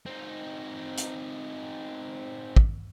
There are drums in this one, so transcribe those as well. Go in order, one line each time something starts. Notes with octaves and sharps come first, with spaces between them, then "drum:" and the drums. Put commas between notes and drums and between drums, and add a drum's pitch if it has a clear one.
C4 D#4
drum: hi-hat
drum: kick